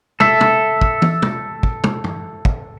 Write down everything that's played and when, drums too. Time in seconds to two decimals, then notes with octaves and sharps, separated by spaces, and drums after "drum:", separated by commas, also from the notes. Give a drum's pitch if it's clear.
0.20 A4 E5, drum: tom
0.41 drum: tom
0.81 drum: kick
1.02 drum: tom
1.22 drum: tom
1.63 drum: kick
1.84 drum: tom
2.04 drum: tom
2.45 drum: kick